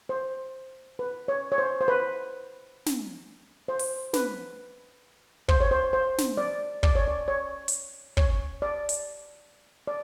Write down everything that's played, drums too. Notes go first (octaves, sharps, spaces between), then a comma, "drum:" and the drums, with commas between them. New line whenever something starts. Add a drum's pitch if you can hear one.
C5
B4
C#5
C#5
C5
C5
B4
drum: snare
C5
drum: open hi-hat
B4, drum: snare
C5, drum: kick
C#5
C5
C5
drum: snare
D5
D5, drum: kick
C#5
D5
C#5
drum: hi-hat
C#5, drum: kick
D5
drum: hi-hat
D5